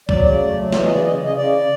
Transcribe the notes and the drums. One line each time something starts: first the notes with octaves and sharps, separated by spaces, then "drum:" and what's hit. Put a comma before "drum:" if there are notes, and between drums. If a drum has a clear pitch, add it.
F#3 D5, drum: kick
C#3 D5
A3
F#3
E3 E5, drum: snare
D#5
C#3
D5
C#3 D#5
C#3
D#5
C#3 D5